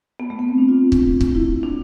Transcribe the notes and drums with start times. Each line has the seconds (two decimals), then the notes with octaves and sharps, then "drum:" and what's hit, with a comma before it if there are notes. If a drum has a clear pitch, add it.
0.20 B3
0.30 A3
0.39 B3
0.48 C4
0.58 D4
0.68 F4
0.92 drum: kick
1.21 drum: kick
1.35 E4
1.63 D4